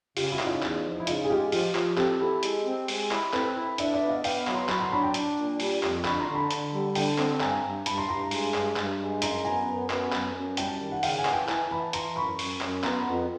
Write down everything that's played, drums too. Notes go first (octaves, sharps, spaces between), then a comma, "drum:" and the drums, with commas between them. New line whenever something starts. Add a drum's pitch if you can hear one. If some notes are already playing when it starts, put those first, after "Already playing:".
C#3 F4 G4, drum: open hi-hat
E4 F#4
C#3, drum: clap
D#4 F4
E2, drum: clap
F3
E4
C#3 D#4 F4, drum: hi-hat
G#4
G#3 F4 G4
F3 F4 G4, drum: open hi-hat
F3, drum: clap
C4 G4 A4, drum: clap
E4 G4 A4
G#3, drum: hi-hat
C4
G#3, drum: open hi-hat
E4, drum: clap
C4 A4 B4, drum: clap
E4
D4 D5 E5, drum: hi-hat
D5 E5
B3
D#5 F5
B3 F5 G5, drum: open hi-hat
F#3, drum: clap
A#5 C6
F#3 B5 C#6, drum: clap
A#5 C6
D4 A5 B5
G5 A5
D4, drum: hi-hat
A#2
G3, drum: open hi-hat
F2, drum: clap
D3 B5 C#6, drum: clap
A#5 C6
D3
A5 B5
D3, drum: hi-hat
G3
D3 G5 A5, drum: open hi-hat
C4, drum: clap
G2 G#5 A#5, drum: clap
G2
G2 A5 B5, drum: hi-hat
A#5 C6
G2 A#5 C6
A#5 C6
G#3, drum: open hi-hat
G2, drum: clap
G2, drum: clap
G#3
F#2 A#5 C6, drum: hi-hat
B3 G#5 A#5
F#2
B3, drum: clap
F#2, drum: clap
F#2
G3 G5 A5, drum: hi-hat
D#3
F#5
C#3 F5 G5, drum: open hi-hat
F#5 G#5
E3, drum: clap
G5 A5
E3 G#5 A#5, drum: clap
E3 A5 B5
E3 A#5 C6, drum: hi-hat
F#2 B5 C#6
F#2, drum: open hi-hat
F#2, drum: clap
B3 A#5 C6, drum: clap
F2